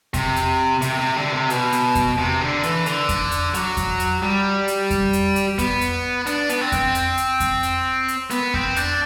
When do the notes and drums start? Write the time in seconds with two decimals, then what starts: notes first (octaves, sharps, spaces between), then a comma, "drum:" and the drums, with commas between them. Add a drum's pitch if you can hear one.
0.14 C3, drum: kick F2, hi-hat
0.36 drum: hi-hat
0.82 C3, drum: hi-hat
0.99 C3
1.16 D3
1.33 C3
1.50 B2, drum: hi-hat
1.72 drum: hi-hat
1.95 drum: kick F2, hi-hat
2.18 C3
2.41 D3
2.63 E3, drum: hi-hat
2.86 D3, drum: hi-hat
3.09 drum: kick F2, hi-hat
3.31 drum: hi-hat
3.54 F#3, drum: hi-hat
3.77 drum: kick F2, hi-hat
4.00 drum: hi-hat
4.23 G3
4.68 drum: hi-hat
4.90 drum: kick F2, hi-hat
5.13 drum: hi-hat
5.36 drum: hi-hat
5.58 B3, drum: kick F2, hi-hat
5.81 drum: hi-hat
6.27 D4, drum: hi-hat
6.49 B3, drum: hi-hat
6.61 C4
6.72 drum: kick F2, hi-hat
6.95 drum: hi-hat
7.17 drum: hi-hat
7.40 drum: kick F2, hi-hat
7.63 drum: hi-hat
8.08 drum: hi-hat
8.30 B3, drum: hi-hat
8.54 C4, drum: kick F2
8.76 D4, drum: hi-hat